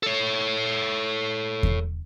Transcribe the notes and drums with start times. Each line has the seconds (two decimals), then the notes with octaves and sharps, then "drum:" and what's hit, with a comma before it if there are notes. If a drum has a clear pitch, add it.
0.03 A4 C#5
1.63 drum: kick E2